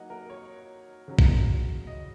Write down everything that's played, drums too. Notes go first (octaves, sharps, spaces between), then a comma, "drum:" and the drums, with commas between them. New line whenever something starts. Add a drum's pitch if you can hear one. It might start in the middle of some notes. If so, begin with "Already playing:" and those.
Already playing: F#3 A#3 D#4 D#5 F#5
A#4
C#5
C#3 F#3 C#4
drum: kick B1
D#5